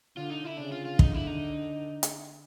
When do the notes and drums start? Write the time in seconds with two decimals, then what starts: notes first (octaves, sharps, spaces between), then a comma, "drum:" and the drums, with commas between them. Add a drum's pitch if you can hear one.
0.17 D3 F4
0.30 D#4
0.45 E4
0.58 C#3 D4
0.72 F4
0.85 F4
0.99 D3 D#4, drum: kick
1.14 E4
1.27 D#4
2.03 drum: hi-hat